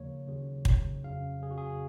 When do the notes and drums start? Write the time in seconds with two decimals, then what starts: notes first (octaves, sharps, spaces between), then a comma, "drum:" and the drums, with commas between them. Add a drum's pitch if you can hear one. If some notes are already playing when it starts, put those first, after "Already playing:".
Already playing: D#2 C#3 F3 A#3 C#5
0.27 D#2 C#3 F#3
0.65 drum: kick
1.03 F2 C#3 F#3 C#4 F5
1.43 G#4
1.51 F#4
1.58 G#4